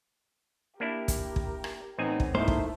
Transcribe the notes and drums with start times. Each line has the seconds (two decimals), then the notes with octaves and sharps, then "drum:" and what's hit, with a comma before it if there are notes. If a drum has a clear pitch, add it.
0.80 A#3 D4 E4 G4 A#4
1.08 drum: kick, hi-hat
1.36 drum: kick
1.64 drum: rim click
1.98 A1 B3 C4 D#4 G#5
2.20 drum: kick
2.35 G#2 A3 A#3 D#4 E4 C5
2.48 drum: kick